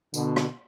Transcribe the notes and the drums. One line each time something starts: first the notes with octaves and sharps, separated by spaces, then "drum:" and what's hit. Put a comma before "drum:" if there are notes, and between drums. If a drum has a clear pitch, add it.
B2 D3, drum: tambourine
drum: rim click